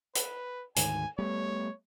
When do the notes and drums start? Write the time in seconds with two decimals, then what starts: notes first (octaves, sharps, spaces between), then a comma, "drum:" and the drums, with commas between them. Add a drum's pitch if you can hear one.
0.15 B4, drum: hi-hat
0.76 D2 G#2 D#3 G#5, drum: hi-hat
1.19 G3 A3 B3 C#5